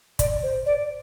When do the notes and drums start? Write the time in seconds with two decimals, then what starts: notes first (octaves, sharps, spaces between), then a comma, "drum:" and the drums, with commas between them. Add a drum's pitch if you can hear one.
0.19 D5, drum: kick, hi-hat
0.43 C5
0.66 D5